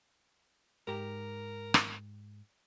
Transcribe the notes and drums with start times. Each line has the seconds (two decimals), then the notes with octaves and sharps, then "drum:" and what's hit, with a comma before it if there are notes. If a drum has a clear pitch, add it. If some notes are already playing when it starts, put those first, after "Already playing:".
0.88 G#2 G4 A#4 A#5
1.74 drum: rim click